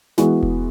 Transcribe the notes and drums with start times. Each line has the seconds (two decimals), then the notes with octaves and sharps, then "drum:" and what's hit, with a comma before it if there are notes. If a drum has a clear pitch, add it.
0.18 E3 G#3 B3 F#4, drum: snare
0.43 drum: kick E1